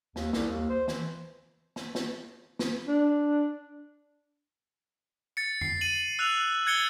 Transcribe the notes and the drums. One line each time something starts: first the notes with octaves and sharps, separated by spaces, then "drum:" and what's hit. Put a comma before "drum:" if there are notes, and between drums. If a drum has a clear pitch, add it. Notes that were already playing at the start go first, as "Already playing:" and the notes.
D#2, drum: snare
C2, drum: snare
D#2
C5
E3, drum: snare
drum: snare
drum: snare
drum: snare
D4
A6 C#7
C7, drum: tom F2
D#7 F#7
E6 F#6 D#7 F7
F#6 G#6 A6 C#7 F#7 G7